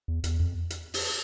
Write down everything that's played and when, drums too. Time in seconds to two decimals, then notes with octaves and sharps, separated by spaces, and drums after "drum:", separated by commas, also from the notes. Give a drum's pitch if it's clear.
0.08 E2
0.24 E2, drum: hi-hat
0.40 F2
0.70 drum: hi-hat
0.94 drum: open hi-hat